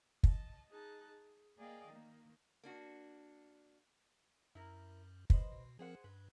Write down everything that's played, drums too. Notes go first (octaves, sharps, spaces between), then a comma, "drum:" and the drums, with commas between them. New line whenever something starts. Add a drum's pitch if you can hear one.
D#5 A5, drum: kick
D#4 G#4 A5 F#6
G#4
A#3 G#4 D5 D#5 F5 G5
D#3 A#3
A#3 D4 F#4
F#2 E4 A#4
B4 C5 D#5, drum: kick
B2
F3 C4 G#4 A#4 C5 F#5
G2 B4